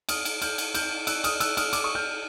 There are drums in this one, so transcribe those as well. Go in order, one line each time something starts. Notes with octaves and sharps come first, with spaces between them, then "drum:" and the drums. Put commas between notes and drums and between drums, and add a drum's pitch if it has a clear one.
D#6 F6, drum: cymbal
drum: cymbal
F6 G6, drum: cymbal
drum: cymbal
F6 G6, drum: cymbal
E6 F#6, drum: cymbal
D#6 F6, drum: cymbal
E6 F#6, drum: cymbal
D#6 F6, drum: cymbal
D6 E6, drum: cymbal
C#6 D#6
F6 G6